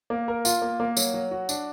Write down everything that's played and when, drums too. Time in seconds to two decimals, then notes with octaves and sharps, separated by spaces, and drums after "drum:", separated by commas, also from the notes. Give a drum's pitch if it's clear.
0.10 A#3
0.28 A#4
0.45 F4, drum: tambourine
0.62 A#3
0.80 A#3
0.97 F#3, drum: tambourine
1.14 F#3
1.31 F#4
1.49 D4, drum: tambourine